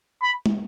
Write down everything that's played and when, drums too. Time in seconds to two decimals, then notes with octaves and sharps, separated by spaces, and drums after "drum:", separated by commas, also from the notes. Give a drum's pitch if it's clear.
0.23 B5
0.46 drum: tom